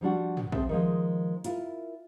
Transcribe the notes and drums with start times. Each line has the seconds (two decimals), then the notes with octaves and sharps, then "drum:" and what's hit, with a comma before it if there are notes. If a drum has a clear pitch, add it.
0.01 F3 G3 D4 F#4
0.37 drum: tom
0.52 C4 G#4 A4 E5, drum: kick
0.69 D#3 F3 G#3
1.44 E4 F4 A#4, drum: hi-hat